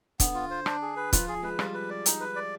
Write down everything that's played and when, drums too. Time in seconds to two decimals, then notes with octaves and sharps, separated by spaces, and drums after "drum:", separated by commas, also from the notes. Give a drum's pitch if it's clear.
0.20 D3 B3, drum: kick, hi-hat
0.35 F4
0.50 C5
0.66 D4, drum: rim click
0.82 G#4
0.97 B4
1.13 F3 F4, drum: kick, hi-hat
1.28 G#4
1.43 G#3 B4
1.59 G3 F4, drum: rim click
1.74 B4
1.90 D5
2.06 D#4, drum: hi-hat
2.20 B4
2.36 D5